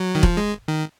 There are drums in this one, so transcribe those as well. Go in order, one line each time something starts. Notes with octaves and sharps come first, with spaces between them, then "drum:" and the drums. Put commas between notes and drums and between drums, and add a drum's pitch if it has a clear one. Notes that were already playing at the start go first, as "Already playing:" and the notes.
Already playing: F#3
D#3
F3, drum: kick
G#3
D#3